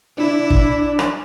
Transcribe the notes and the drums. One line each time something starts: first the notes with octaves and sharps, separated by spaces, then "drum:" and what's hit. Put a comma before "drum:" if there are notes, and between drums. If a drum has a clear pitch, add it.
D4 E4
drum: kick
drum: rim click